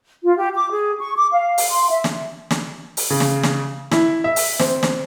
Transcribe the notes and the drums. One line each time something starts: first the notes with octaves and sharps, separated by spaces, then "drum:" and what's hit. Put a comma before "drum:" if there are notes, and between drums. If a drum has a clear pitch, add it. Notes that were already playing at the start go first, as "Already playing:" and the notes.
F4
G4
D6
G#4
C#6
D6
F5
drum: open hi-hat
C6
E5
drum: snare
drum: snare
drum: open hi-hat
C#3
drum: snare
drum: snare
E4, drum: snare
E5
drum: open hi-hat
C4, drum: snare
drum: snare